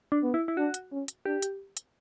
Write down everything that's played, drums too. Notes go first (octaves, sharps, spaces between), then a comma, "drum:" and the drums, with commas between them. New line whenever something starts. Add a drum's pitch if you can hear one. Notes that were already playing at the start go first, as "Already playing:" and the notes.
D4
B3
E4
E4
D4 F#4
drum: hi-hat
C#4
drum: hi-hat
D4 G4
drum: hi-hat
drum: hi-hat